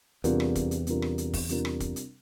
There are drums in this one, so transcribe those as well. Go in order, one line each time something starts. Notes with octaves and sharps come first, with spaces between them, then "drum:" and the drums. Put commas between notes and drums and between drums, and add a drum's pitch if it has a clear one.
E2 C3 G3 D4 F4 A#4, drum: hi-hat
drum: rim click
drum: kick, hi-hat
drum: hi-hat
C3 G3 D4 F4 A#4, drum: hi-hat
drum: rim click
drum: hi-hat
drum: kick, open hi-hat
C3 G3 D4 F4 A#4, drum: hi-hat
drum: rim click
drum: kick, hi-hat
drum: hi-hat